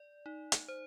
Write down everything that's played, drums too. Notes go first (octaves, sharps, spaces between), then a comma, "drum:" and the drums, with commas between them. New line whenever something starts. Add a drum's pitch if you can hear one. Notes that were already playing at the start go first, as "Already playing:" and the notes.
Already playing: D5
D#4
drum: hi-hat
C5